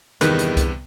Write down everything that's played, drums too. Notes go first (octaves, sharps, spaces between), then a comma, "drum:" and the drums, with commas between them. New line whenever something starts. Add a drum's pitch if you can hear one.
E2 G2 C3 D#3 B3 B4, drum: hi-hat
drum: hi-hat
drum: kick C2, hi-hat